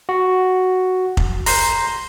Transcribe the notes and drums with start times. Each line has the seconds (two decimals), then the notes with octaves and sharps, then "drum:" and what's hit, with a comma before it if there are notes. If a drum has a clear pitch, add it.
0.09 F#4
1.17 drum: kick
1.46 A#5 C6 G6, drum: open hi-hat